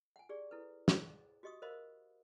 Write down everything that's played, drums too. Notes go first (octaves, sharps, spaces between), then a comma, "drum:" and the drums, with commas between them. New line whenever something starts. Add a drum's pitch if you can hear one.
F#5 G#5
G4 G#4 D5
E4 A4 B4
G#4 C5, drum: snare
F#4 G4 D#5 C#6 D#6
A#4 C5 D#5 F5 B5